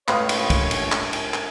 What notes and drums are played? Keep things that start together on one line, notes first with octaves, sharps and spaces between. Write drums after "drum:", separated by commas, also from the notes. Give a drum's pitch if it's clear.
C#2 A2 B4 C#5 F5 B5 C6 D#6, drum: clap
drum: cymbal
drum: kick, cymbal
drum: cymbal
drum: clap
drum: cymbal
drum: clap